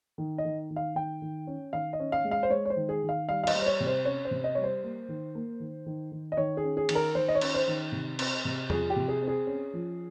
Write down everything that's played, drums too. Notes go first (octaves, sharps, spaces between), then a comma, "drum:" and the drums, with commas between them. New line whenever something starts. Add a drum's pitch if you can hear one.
D#3
D#5
D#3
D#3
F5
D#3 G5
D#3
C#4
D#3 F5
D#5
C#4
F5
G#3
F5
C5
G#3 C#5
C#5
C5
D#3
G#4
D#3
F5
G3 F5
F5
D#5, drum: cymbal
G3
C5
C#5
C3
C5
C#4 C#5
C5
C3
D#5
G3 C#5
C5
A#3
D#3
A#3
D#3
D#3
D#3
D#5
D#3 C#5
G#4
C#4
G#4
D#3, drum: cymbal
A#4
D#3 C5
D#5
C#5
C#4, drum: cymbal
C5
D#3
C3
C4, drum: cymbal
C3
F3 G#4, drum: tom E2
G4
C3
G#4
C4
G#4
C#4
F3